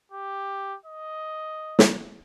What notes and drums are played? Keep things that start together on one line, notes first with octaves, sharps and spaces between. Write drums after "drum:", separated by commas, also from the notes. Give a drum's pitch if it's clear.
G4
D#5
drum: snare